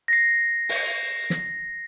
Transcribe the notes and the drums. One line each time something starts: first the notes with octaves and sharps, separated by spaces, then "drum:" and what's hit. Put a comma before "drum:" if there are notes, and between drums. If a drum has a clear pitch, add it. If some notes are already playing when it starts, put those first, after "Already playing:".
A#6 C7
drum: open hi-hat
drum: snare